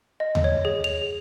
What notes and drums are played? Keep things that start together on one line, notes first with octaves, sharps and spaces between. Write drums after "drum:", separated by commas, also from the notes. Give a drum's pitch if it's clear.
D#5
drum: tom D#2
C#5
G#4
F7